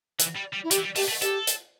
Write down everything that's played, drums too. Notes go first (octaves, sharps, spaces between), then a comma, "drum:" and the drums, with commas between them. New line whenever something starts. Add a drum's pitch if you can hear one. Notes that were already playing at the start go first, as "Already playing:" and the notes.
E3, drum: hi-hat
G3
G3
E4
G3 G4, drum: hi-hat
E3
G3
A3 G4, drum: open hi-hat
A3
G4 A4, drum: hi-hat
drum: hi-hat